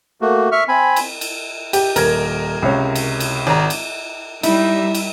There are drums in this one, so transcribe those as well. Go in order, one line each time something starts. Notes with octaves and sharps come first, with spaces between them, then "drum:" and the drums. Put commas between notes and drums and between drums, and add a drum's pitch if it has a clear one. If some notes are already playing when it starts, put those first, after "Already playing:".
A3 A#3 F#4
E5 C#6 F6
C4 G#5 B5
drum: cymbal
drum: cymbal
G4, drum: cymbal
D#1 A#4 G#6, drum: cymbal
C#2 C3 C#5
drum: cymbal
drum: cymbal
G#1 A#5
drum: cymbal
G3 D#4 E4 E5, drum: cymbal
drum: cymbal